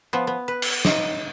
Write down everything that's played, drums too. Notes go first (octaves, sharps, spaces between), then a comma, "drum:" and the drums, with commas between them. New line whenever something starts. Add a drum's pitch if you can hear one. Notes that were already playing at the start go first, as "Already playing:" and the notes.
F3 B3
B3
B4
drum: cymbal
D#4, drum: snare